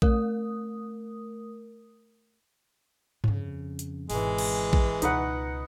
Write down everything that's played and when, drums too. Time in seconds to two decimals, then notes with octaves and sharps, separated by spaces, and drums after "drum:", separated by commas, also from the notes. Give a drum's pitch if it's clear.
0.02 A3 A#4 D#6, drum: kick A#1
3.24 F2 C#3, drum: tom G2
3.79 drum: hi-hat
4.10 G#1 B2 E3 G#3, drum: open hi-hat
4.38 drum: cymbal
4.73 drum: kick A#1
5.02 C#2 B2 D#4 B4 F#5, drum: hi-hat